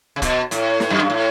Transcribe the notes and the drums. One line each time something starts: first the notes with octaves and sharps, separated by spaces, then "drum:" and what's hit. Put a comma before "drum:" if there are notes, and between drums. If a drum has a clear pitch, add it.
C#3
B2, drum: kick, hi-hat
A2, drum: hi-hat
drum: snare
F#2
G2
A2